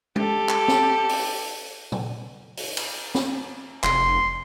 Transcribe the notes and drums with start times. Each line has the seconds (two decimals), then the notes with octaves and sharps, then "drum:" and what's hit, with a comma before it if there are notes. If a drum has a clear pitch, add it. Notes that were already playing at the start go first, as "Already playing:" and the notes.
0.16 G4 A4, drum: tom G#3
0.49 drum: clap
0.68 drum: snare
1.09 drum: open hi-hat
1.92 drum: tom A#2
2.57 drum: open hi-hat
2.77 drum: cymbal
3.15 drum: snare
3.83 F1 C6, drum: clap